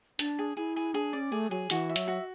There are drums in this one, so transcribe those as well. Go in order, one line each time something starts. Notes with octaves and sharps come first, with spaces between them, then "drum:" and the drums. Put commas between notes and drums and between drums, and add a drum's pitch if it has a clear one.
D4 A5, drum: hi-hat
G#4
E4 G#4
G#4
D4 G#4
C#4 D5
A3 G#4
F#3 G#4
E3 F#4, drum: hi-hat
E5
F#3, drum: hi-hat
F#4